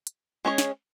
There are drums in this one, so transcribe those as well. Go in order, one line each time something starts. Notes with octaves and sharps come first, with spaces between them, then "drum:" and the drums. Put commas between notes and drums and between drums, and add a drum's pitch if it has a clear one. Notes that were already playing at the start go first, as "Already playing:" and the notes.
drum: hi-hat
G#3 C#4 G#4 C#5
drum: snare